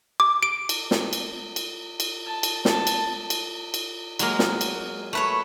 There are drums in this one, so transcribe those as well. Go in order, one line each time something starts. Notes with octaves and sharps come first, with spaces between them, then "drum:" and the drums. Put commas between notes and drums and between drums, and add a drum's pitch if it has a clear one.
D6
D7
drum: cymbal
drum: snare
drum: cymbal
drum: cymbal
drum: cymbal
A5
drum: cymbal
A5, drum: snare
drum: cymbal
drum: cymbal
drum: cymbal
F#3 G#3 A#3, drum: cymbal
drum: snare
drum: cymbal
A3 B4 C#5